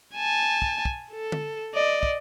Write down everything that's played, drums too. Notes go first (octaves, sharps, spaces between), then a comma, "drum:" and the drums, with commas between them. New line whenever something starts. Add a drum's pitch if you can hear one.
G#5 A5
drum: kick
drum: kick
A4
drum: tom
D5 D#5
drum: kick